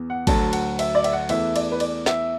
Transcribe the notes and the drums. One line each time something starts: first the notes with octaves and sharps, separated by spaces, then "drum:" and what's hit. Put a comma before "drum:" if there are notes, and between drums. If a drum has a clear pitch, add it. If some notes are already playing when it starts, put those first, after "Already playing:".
Already playing: E2 B3
F#5
D2 D3 F#3 A3 A5, drum: kick, cymbal
F#5, drum: cymbal
E5, drum: cymbal
D5
E5, drum: cymbal
F#5
E2 E3 A3 E5, drum: cymbal
D5, drum: cymbal
B4
D5, drum: cymbal
E5, drum: snare